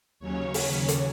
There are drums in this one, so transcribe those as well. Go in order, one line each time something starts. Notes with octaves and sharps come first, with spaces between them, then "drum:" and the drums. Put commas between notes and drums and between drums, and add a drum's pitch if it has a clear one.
D#2 C#3 F#3 C#4 C#5
drum: open hi-hat
drum: hi-hat